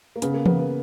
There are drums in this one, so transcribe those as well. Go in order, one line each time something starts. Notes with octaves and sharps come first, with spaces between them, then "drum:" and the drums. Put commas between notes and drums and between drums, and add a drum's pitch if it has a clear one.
A#3
C#3 B3, drum: hi-hat
A#3
C#3 B3, drum: tom E3
B3